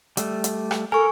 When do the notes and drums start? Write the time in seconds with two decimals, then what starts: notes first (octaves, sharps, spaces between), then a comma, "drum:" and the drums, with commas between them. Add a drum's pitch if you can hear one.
0.17 G3 A3, drum: hi-hat
0.44 drum: hi-hat
0.71 drum: rim click
0.92 A4 A#4 G#5 C#6